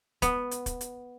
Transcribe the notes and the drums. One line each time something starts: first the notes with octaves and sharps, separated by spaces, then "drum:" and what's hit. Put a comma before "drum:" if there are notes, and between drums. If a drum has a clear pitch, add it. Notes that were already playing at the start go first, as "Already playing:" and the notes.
B3, drum: kick, hi-hat
drum: hi-hat
drum: kick, hi-hat
drum: hi-hat